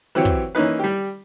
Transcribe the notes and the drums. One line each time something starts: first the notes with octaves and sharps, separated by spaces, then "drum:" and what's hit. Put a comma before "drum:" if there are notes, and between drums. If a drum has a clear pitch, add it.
E3 F#3 C4 G4 C#5
drum: kick
E3 A#3 C#4 D#4 B4
G3 G4